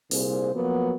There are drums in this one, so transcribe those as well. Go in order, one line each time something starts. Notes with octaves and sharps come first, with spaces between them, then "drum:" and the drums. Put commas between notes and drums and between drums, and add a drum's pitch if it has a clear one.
C2 A#2 G#4 C5, drum: open hi-hat
F3 F#3 A#3 B3